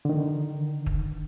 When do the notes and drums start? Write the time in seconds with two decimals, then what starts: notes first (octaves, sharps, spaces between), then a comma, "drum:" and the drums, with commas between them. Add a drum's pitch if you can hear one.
0.05 D3 D#3
0.86 drum: kick